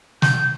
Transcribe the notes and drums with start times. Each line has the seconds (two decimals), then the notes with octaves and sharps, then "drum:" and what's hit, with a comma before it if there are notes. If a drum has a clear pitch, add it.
0.22 G6, drum: snare